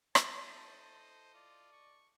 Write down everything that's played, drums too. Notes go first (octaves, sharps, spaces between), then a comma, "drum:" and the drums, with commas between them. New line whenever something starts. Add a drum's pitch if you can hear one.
E4 A4 C5 D#5 A5, drum: rim click
F4 D5
C#6